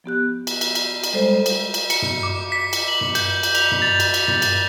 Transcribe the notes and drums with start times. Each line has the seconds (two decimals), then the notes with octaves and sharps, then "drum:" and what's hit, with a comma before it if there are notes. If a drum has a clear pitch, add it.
0.04 F3 B3 G4 F#6
0.47 drum: cymbal
0.61 drum: cymbal
0.75 drum: cymbal
1.04 drum: cymbal
1.13 G3 G#3 A4 C5
1.46 drum: cymbal
1.74 drum: cymbal
1.90 C#7, drum: cymbal
2.02 drum: tom
2.23 D6
2.52 B6
2.73 drum: cymbal
2.88 F#7
3.01 drum: tom
3.15 G6, drum: cymbal
3.43 drum: cymbal
3.55 F7, drum: cymbal
3.72 drum: tom
3.82 A6
4.00 drum: cymbal
4.14 drum: cymbal
4.28 drum: tom
4.42 drum: cymbal